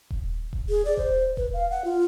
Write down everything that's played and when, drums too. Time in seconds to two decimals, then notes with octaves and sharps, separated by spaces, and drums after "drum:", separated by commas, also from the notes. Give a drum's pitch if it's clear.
0.11 drum: kick D#1
0.53 drum: kick D#1
0.69 G#4
0.85 D5
0.97 C5, drum: kick D#1
1.37 B4, drum: kick D#1
1.53 F5
1.71 F#5
1.85 F4